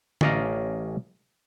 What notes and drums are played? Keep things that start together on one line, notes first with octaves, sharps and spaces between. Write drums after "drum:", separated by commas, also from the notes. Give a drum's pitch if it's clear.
A1 C#4 D5 D#5 F5 A#5, drum: tom D3